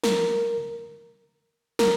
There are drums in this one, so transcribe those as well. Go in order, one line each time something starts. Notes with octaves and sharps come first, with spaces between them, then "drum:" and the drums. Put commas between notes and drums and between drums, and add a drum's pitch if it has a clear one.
A#4, drum: snare
A#4, drum: snare